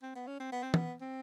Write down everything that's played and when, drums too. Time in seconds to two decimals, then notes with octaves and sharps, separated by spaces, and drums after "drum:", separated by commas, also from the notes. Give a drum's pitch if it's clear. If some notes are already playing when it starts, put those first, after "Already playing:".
0.02 C4
0.15 B3
0.27 C#4
0.40 C4
0.52 B3
0.63 C4
0.74 B3, drum: tom
1.01 C4